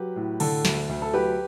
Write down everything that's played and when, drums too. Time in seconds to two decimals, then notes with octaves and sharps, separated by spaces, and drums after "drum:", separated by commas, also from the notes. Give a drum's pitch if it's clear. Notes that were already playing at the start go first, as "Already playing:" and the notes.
Already playing: F#3 G4 B4
0.16 A2
0.40 D3 A4, drum: cymbal
0.65 D2, drum: snare
0.89 D2
1.02 A4
1.13 F#3 G4 B4